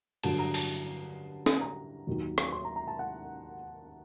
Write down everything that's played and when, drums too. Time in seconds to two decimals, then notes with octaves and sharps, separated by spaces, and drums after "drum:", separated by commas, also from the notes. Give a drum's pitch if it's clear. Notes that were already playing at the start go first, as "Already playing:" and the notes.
0.23 G2 D3 F#3 A5, drum: cymbal
0.39 A#5
0.54 A5, drum: open hi-hat
1.46 drum: snare
1.61 A#5
2.07 D#2 D#3 F#3
2.38 drum: rim click
2.52 C6
2.65 A#5
2.76 A#5
2.88 A5
2.99 F#5